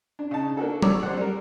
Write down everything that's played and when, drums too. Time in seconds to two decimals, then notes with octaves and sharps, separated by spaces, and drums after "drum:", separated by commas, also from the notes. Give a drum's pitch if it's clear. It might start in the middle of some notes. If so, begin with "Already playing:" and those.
0.19 D4
0.31 C#3 D#4 A5
0.57 A#3 D4 F#4 A4
0.82 C#5 D5 D6 E6, drum: tom
1.03 G3 C5 D5 F#5
1.17 G3 A#4